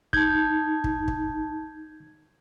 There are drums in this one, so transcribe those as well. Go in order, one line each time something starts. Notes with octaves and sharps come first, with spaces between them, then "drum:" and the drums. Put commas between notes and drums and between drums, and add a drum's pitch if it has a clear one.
D#4 A5 G6 G#6, drum: kick
drum: kick
drum: kick